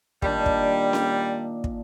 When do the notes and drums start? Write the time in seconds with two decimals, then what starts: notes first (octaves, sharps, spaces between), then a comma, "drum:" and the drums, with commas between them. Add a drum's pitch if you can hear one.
0.22 A#2 D#3 G3 D4, drum: kick
0.46 drum: kick
0.93 drum: snare C#4
1.64 drum: kick